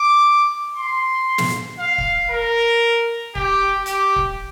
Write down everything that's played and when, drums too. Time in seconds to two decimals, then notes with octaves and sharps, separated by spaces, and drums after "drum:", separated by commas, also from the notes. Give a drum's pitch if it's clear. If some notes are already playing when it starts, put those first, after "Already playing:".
Already playing: D6
0.76 C6
1.38 drum: snare
1.79 F5
1.98 drum: kick
2.31 A#4
3.35 G4, drum: kick
3.86 G4, drum: hi-hat
4.16 drum: kick